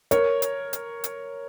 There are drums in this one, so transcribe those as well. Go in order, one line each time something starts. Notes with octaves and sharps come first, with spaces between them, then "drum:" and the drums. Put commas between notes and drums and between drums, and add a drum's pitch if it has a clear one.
A#4 C#5, drum: hi-hat
drum: hi-hat
drum: hi-hat
drum: hi-hat